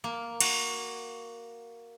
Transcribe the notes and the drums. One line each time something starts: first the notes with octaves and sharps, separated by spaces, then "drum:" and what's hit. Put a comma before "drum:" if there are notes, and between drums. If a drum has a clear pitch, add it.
A#3
F#4, drum: cymbal